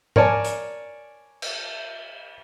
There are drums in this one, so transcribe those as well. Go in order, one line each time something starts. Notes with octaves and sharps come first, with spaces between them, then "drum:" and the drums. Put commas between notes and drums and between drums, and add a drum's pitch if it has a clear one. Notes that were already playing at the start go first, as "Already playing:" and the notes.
A#4 C#5 D5 G#5 A5, drum: tom G#2
drum: hi-hat
drum: cymbal